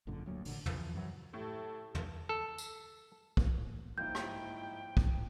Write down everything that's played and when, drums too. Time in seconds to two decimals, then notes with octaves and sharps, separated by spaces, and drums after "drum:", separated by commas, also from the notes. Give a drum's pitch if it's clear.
0.07 G#1 F#2 A#2 D3
0.26 D2 F#3 A#3
0.45 A1 A#2 D3, drum: open hi-hat
0.66 C#3 E3 F3, drum: tom
0.94 F#2 E3 F#3
1.33 A2 G4 A4
1.95 drum: tom
2.29 A4
2.58 drum: tambourine
3.37 drum: kick
3.98 G1 F2 G#2 A#3 D#4 E4 G5 G6
4.15 drum: rim click
4.97 drum: kick